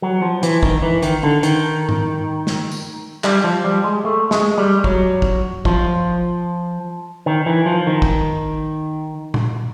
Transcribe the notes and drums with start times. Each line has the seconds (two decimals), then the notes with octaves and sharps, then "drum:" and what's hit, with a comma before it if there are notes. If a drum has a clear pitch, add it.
0.02 F#3
0.22 F3
0.43 E3, drum: hi-hat
0.63 D#3, drum: kick
0.82 E3
1.03 D#3, drum: hi-hat
1.23 D3
1.43 D#3, drum: hi-hat
1.89 drum: tom G#2
2.47 drum: snare
2.72 drum: tambourine
3.24 G3, drum: clap
3.44 F3
3.64 G3
3.84 G#3
4.05 A3
4.31 G#3, drum: snare
4.58 G3
4.84 F#3, drum: kick
5.22 drum: kick
5.65 F3, drum: kick
7.26 D#3
7.46 E3
7.66 F3
7.87 D#3
8.02 drum: kick
9.34 drum: tom